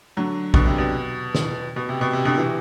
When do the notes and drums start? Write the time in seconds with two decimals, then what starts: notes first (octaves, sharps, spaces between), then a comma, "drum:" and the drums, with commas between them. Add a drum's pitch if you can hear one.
0.17 D3 F#3
0.54 B2 D3, drum: kick A#1
0.66 C3
0.78 B2
1.35 drum: snare
1.76 B2
1.89 C3
2.01 B2
2.13 C3
2.25 B2 D3
2.37 C3 E3